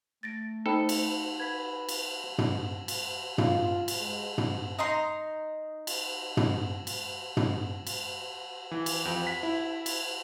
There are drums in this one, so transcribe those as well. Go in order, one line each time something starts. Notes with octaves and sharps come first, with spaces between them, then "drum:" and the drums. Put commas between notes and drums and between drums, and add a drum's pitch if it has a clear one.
A3 A6 A#6 D7
D#4 A4 C5 G5 B5
drum: cymbal
B4 G#6 B6
drum: cymbal
drum: tom
drum: cymbal
F4, drum: tom
drum: cymbal
G#3
drum: tom
D#4 A#5 C6
drum: cymbal
drum: tom
drum: cymbal
drum: tom
drum: cymbal
E3
drum: cymbal
F2
B6
E4
drum: cymbal